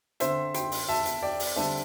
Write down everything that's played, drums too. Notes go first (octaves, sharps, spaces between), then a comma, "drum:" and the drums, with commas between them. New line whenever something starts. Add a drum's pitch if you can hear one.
D3 C4 C5 E5, drum: hi-hat
G5 C6, drum: hi-hat
drum: open hi-hat
E5 A5
drum: hi-hat
D5 G5
drum: open hi-hat
D3 G3 C4 E5 A5